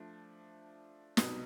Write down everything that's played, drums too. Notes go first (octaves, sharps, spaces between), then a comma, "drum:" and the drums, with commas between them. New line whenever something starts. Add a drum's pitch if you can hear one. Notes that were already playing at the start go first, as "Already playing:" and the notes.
Already playing: F3 A3 D4
C2 B2 F#3 B3 D#4, drum: snare